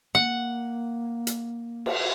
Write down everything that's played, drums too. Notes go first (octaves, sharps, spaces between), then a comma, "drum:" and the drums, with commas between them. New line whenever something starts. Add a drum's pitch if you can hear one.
A#3 F#5
drum: hi-hat
drum: cymbal